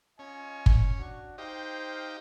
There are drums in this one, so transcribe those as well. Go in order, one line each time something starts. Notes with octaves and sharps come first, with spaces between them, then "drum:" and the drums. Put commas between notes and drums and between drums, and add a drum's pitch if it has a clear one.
C#4 F4 D#5 G#5
drum: kick
D4 F#4
D#4 G4 C5 F5 G5